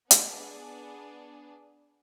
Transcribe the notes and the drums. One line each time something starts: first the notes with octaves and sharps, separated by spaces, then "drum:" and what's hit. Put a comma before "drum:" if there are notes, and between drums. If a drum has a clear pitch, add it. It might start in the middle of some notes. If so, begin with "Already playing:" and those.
B3 D4 G#4, drum: hi-hat